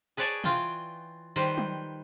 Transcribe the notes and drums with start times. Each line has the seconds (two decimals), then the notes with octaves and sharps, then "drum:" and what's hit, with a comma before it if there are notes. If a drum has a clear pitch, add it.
0.17 G#4 B4 C#5 D5 G#5 A5
0.44 E3 F4 G5, drum: tom B2
1.36 D#3 G3 B4 C5
1.58 drum: tom F#3